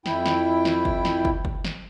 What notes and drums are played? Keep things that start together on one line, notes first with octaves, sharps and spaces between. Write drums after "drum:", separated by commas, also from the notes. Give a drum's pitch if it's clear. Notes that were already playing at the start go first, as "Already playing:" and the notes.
F2 E4 G5, drum: snare
drum: snare
drum: snare
drum: kick
drum: snare
drum: kick
drum: kick
drum: snare